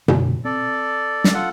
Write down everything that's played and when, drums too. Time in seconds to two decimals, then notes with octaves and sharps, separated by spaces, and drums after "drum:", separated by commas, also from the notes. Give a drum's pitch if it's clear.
0.08 F#2 D3 G#3, drum: tom B2
0.45 C4 A4 D5
1.24 drum: snare
1.34 F4 A4 F#5